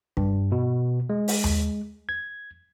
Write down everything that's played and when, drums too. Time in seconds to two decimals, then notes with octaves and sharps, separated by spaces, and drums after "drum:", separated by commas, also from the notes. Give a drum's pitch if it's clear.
0.17 G2, drum: kick
0.52 B2
1.10 G#3
1.28 drum: open hi-hat
1.44 drum: tom D#2
2.09 G#6